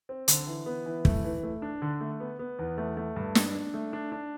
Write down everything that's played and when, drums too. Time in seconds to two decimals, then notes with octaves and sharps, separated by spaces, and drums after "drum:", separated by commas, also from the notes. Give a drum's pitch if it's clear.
0.09 C4
0.28 D3, drum: hi-hat
0.47 E3
0.66 B3
0.86 E3
1.05 A3, drum: kick
1.24 E3
1.43 A3
1.62 D4
1.82 D3
2.01 A3
2.20 B3
2.39 B3
2.59 E2
2.78 A3
2.97 A3
3.16 G2
3.35 D4, drum: snare
3.55 D4
3.74 A3
3.93 D4
4.12 D4